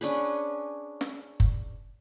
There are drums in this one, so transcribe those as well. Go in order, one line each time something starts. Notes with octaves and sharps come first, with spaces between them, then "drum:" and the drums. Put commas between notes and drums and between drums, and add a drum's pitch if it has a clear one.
C#4 D4 G#4 B4
drum: snare
drum: kick F#1